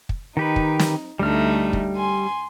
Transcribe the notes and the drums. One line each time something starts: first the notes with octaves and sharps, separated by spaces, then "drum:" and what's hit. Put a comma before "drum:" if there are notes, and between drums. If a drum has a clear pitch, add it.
drum: kick
D#3 D#4 G4 B4
drum: kick
drum: snare
D2 G3 A3 D#4 F6
drum: kick
G#5 C6